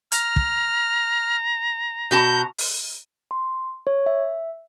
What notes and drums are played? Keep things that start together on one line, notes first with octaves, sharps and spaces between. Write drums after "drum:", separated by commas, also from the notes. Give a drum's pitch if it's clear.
A#5 F6, drum: hi-hat
drum: kick
B2 F#4 A5 G6
drum: open hi-hat
C6
C#5
E5